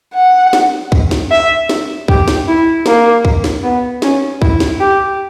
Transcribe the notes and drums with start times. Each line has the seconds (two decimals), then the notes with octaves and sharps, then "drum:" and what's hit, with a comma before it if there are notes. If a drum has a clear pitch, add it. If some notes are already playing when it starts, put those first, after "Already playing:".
0.14 F#5
0.53 drum: snare
0.92 drum: kick
1.11 drum: snare
1.31 E5
1.69 drum: snare
2.08 G4, drum: kick
2.28 drum: snare
2.48 E4
2.86 A#3, drum: snare
3.25 drum: kick
3.44 drum: snare
3.63 B3
4.02 C#4, drum: snare
4.42 E4, drum: kick
4.60 drum: snare
4.80 G4